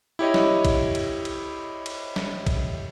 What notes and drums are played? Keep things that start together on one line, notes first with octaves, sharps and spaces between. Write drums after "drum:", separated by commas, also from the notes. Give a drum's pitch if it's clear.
E4 G4 C#5 D#5
drum: snare
drum: kick, cymbal
drum: cymbal
drum: cymbal
drum: cymbal
drum: snare
drum: kick, cymbal